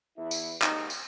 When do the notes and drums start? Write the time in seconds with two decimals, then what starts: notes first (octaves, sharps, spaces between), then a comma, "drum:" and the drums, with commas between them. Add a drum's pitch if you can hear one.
0.16 E2 E4
0.31 drum: tambourine
0.62 D#2 G#2 D#4, drum: clap
0.90 drum: tambourine